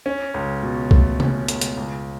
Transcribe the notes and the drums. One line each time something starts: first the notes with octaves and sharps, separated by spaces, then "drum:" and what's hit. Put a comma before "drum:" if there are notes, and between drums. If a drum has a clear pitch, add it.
C#4
C#2
B2
A3, drum: kick
C#4, drum: tom C3
C#2, drum: hi-hat
drum: hi-hat
C#2